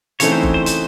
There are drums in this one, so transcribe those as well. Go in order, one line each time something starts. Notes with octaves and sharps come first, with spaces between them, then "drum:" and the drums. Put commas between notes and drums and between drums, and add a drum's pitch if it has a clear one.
C#3 E3 A3 C4 D#4 C#5, drum: hi-hat
C5
drum: kick F#1
C5
C5, drum: hi-hat